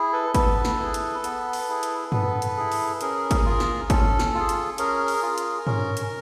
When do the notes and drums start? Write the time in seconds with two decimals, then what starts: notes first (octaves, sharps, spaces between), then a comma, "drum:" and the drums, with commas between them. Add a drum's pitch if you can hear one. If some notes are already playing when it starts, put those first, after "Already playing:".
Already playing: E4 G#4
0.12 A4 B4
0.35 B3 A4 B4, drum: kick G#1, hi-hat
0.65 drum: snare
0.79 E4 G#4
0.94 drum: hi-hat
1.24 B3, drum: hi-hat
1.53 drum: open hi-hat
1.69 E4 G#4
1.83 drum: hi-hat
2.12 B3 A4 B4, drum: tom
2.42 drum: hi-hat
2.57 E4 G#4
2.72 drum: open hi-hat
3.01 C#4 G#4 A#4, drum: hi-hat
3.31 drum: kick G#1, hi-hat
3.46 F4 G#4
3.60 drum: snare
3.90 C#4 A4, drum: kick G#1, hi-hat
4.19 drum: snare
4.35 F4 G#4
4.49 drum: hi-hat
4.78 C#4 G#4 A#4, drum: hi-hat
5.08 drum: open hi-hat
5.23 F4 G#4
5.38 drum: hi-hat
5.67 C#4, drum: tom
5.97 drum: hi-hat